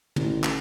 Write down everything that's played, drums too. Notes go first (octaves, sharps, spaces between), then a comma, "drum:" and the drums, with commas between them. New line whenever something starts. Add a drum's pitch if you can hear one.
A1, drum: tom
drum: clap